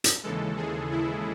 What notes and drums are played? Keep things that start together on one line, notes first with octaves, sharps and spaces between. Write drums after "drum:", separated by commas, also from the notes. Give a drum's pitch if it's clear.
drum: hi-hat
D#2 C#3 E3 G#3 A4
G#4
E4